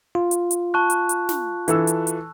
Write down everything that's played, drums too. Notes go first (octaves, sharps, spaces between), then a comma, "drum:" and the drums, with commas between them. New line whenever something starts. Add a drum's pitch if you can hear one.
F4
drum: hi-hat
drum: hi-hat
A5 C#6 F#6
drum: hi-hat
drum: hi-hat
drum: snare
E3 A4 E6, drum: hi-hat
drum: hi-hat
drum: hi-hat